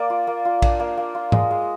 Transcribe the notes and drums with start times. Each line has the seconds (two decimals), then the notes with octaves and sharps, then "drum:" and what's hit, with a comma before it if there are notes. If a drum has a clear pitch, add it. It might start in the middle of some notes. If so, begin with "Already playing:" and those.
Already playing: A#3 D5
0.10 F4
0.27 A#3
0.45 F4
0.62 D4, drum: kick A#1, cymbal
0.80 A#3
0.97 A#3
1.15 F4
1.32 G#3 D#5, drum: tom G#2
1.51 G#3